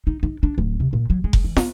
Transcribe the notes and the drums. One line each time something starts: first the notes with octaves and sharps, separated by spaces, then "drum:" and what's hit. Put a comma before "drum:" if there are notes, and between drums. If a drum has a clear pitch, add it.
D#4
D#4
D4
D1
C3
A#2
F#3
G#3
drum: kick F1
E3
B3, drum: snare